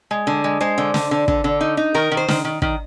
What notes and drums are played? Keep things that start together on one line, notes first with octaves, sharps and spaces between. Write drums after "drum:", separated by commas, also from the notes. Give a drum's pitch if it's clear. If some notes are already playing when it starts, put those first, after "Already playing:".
G#3
D3
G#3
G#3 C5
D3
D3, drum: snare
D3
D3, drum: kick
D3
D#4
D#4
D#3 A#4
D#3
C5
D#3, drum: snare
D#3
D#3, drum: kick